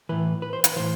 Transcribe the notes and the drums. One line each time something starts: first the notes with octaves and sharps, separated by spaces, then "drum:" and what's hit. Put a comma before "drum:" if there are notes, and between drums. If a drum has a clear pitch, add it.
A2 E3 B4
B4
C5
B4, drum: hi-hat
A2 E3 C5